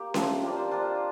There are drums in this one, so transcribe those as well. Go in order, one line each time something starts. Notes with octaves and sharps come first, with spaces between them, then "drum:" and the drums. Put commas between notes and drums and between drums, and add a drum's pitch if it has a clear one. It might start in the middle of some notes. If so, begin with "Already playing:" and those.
Already playing: A#3 G4
F3 C4 E4, drum: snare C#4
A#3 D4 F4 G4
C5
A#3 D4 F4